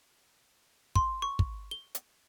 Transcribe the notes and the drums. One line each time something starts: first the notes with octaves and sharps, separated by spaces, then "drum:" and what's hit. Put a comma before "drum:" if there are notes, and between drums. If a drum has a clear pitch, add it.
C6, drum: kick
C#6
drum: kick
G7
drum: hi-hat